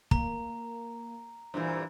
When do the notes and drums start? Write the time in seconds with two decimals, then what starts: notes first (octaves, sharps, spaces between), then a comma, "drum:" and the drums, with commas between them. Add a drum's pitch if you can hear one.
0.11 A#3 A#5, drum: kick
1.54 G2 A#2 E3 C5